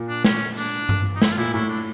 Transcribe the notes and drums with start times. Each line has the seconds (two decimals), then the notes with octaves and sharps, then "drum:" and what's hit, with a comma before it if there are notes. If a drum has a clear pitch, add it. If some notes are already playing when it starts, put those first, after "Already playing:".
Already playing: A#2
0.09 D4
0.25 C#4, drum: snare
0.57 D4, drum: tambourine
0.89 drum: tom G2
1.16 D#4
1.22 E4, drum: snare
1.33 F4
1.37 A#2 E4
1.54 A2 E4
1.69 D4